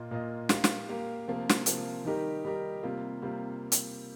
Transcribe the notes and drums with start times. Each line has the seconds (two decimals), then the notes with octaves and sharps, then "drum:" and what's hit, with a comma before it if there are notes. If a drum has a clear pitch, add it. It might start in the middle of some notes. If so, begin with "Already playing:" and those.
Already playing: A#2 A#3 F4 D#5
0.11 A#2 A#3 F4 D#5
0.49 A#3 G4 A#4 F5, drum: snare
0.64 drum: snare
0.88 A#3 G4 A#4 F5
1.27 C3 F3 A#3 F4
1.50 drum: snare
1.66 C3 F3 A#3 F4, drum: hi-hat
2.05 D#3 G3 D#4 G4 A#4
2.45 D#3 G3 D#4 G4 A#4
2.83 C3 G3 A#3 F4
3.22 C3 G3 A#3 F4
3.72 drum: hi-hat